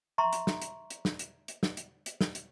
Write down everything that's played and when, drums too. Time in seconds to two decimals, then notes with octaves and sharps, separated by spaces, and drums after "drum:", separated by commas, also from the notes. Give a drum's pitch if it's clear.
0.18 E5 A#5 C6 C#6
0.33 drum: hi-hat
0.47 drum: snare
0.62 drum: hi-hat
0.90 drum: hi-hat
1.05 drum: snare
1.19 drum: hi-hat
1.48 drum: hi-hat
1.63 drum: snare
1.77 drum: hi-hat
2.06 drum: hi-hat
2.21 drum: snare
2.35 drum: hi-hat